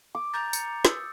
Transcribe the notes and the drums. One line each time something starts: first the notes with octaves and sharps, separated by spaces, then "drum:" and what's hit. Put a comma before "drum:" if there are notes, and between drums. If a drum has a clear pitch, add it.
D6
A#5 G6 A6
C#7, drum: tambourine
D#6 E6, drum: snare